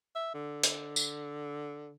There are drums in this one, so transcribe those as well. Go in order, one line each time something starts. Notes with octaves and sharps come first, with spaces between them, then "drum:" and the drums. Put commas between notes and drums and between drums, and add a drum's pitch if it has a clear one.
E5
D3
drum: hi-hat
drum: tambourine